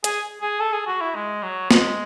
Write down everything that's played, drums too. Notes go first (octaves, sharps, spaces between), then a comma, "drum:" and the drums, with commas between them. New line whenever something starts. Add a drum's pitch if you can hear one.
G#4, drum: hi-hat
G#4
A4
G#4
F#4
E4
G#3
F#3
G#3, drum: snare